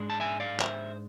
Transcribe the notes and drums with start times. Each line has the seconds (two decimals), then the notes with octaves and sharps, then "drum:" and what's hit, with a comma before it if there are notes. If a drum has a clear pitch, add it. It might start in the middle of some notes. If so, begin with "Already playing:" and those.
Already playing: G#2 G#3 D4
0.10 A5
0.20 E5 G#5
0.40 D5 F5
0.60 C5 E5, drum: clap